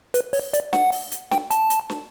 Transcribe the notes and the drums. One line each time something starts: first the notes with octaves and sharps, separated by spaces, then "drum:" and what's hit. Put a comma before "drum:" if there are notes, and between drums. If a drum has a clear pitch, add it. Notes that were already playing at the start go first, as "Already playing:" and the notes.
B4, drum: hi-hat
C#5, drum: open hi-hat
D5, drum: hi-hat
F#5, drum: snare
drum: open hi-hat
drum: hi-hat
G5, drum: snare
A5, drum: hi-hat
drum: hi-hat
drum: snare